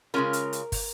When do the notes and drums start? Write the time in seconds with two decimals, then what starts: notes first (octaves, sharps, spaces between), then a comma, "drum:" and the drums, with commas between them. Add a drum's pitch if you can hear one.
0.14 C#3 G#3 C#4 F4 A#4
0.33 drum: hi-hat
0.53 drum: hi-hat
0.72 drum: kick, open hi-hat